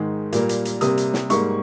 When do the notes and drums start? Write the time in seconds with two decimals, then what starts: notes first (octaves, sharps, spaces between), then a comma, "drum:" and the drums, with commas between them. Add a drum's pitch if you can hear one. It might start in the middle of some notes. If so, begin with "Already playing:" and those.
Already playing: G#2 D#3 G#3
0.32 A#2 G3 A#3, drum: hi-hat
0.49 drum: hi-hat
0.65 drum: hi-hat
0.81 C3 G3 A#3 D#6, drum: hi-hat
0.97 drum: hi-hat
1.14 drum: snare
1.30 G#2 G3 A#3 C#6, drum: hi-hat